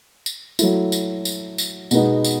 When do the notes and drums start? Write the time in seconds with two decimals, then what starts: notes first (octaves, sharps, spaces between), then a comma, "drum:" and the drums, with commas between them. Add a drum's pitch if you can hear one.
0.26 drum: tambourine
0.59 F#3 A3 E4, drum: tambourine
0.92 drum: tambourine
1.25 drum: tambourine
1.58 drum: tambourine
1.91 B2 G#3 B3 D#4, drum: tambourine
2.25 drum: tambourine